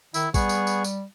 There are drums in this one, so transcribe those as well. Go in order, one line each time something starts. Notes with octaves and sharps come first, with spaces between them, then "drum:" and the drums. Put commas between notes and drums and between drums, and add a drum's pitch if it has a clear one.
D#3 E4 E5, drum: tambourine
G3 B3 G#4 C#6, drum: kick, tambourine
drum: tambourine
drum: tambourine
drum: tambourine